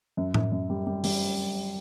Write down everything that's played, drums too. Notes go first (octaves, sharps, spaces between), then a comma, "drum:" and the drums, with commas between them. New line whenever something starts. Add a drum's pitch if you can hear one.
F#2
F#2, drum: tom A2
F#2
G3
G3
G3, drum: open hi-hat